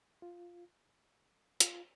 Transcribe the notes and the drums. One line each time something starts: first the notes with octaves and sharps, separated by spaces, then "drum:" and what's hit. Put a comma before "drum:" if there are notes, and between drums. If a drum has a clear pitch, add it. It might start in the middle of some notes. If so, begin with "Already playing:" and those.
F4
F4, drum: hi-hat